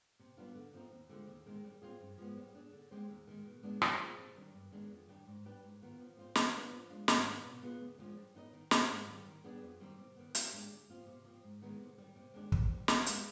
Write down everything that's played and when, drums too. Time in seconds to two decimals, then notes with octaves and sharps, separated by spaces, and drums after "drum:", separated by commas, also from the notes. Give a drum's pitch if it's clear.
0.19 C3
0.37 G3 B3 D4 F4
0.55 D3
0.73 F3 C4 D#4
0.92 D#2
1.09 D3 F3 G#3 C4
1.27 D#2
1.46 D#3 G#3 C4
1.64 G3
1.82 C4 F4 G#4
2.01 G2
2.18 F3 G#3 B3
2.37 G3
2.55 D4 G#4
2.72 D3
2.91 G#3 C4 G4 C5
3.09 D#2
3.27 D#3 G#3
3.45 B2
3.63 G#3 B3 D4
3.82 C3, drum: rim click
4.00 F3 C4 F4 G#4
4.18 C3
4.36 D#3 G3 D4
4.54 G2
4.72 D#3 G#3 B3 D4
4.91 F2
5.09 D#3 G3 D4 G4
5.27 G#2
5.45 G3 D4 G4 B4
5.63 G#2
5.81 D#3 B3 F4
6.00 F3
6.17 C4 F4 C5
6.35 D#3, drum: snare
6.53 B3 D4 F4
6.71 F3
6.90 G#3 D4 F4
7.08 G#2, drum: snare
7.26 D#3 B3 D4
7.44 B2
7.62 B3 F4 G#4
7.81 D2
7.98 D3 F3 G#3 D4
8.17 G3
8.35 B3 D#4 B4 D#5
8.53 D#3
8.71 G3 C4 F4 G#4, drum: snare
8.89 G#2
9.07 D#3 G3
9.26 D#3
9.44 G3 B3 D4 G#4
9.62 F2
9.80 D#3 G3 C4 D#4
9.98 C3
10.16 D#3 B3
10.35 F3, drum: hi-hat
10.52 G#3 D4 G4
10.70 D2
10.89 C3 F3 C4 F4
11.07 C3
11.24 F3 C4
11.43 G#2
11.62 D#3 G#3 B3 D#4
11.79 C3
11.98 D#3 G3
12.16 C3
12.34 D#3 G#3 D4 G4
12.52 C3, drum: kick
12.70 G3 C4 G4
12.88 D#3, drum: snare
13.06 G#3 B3, drum: hi-hat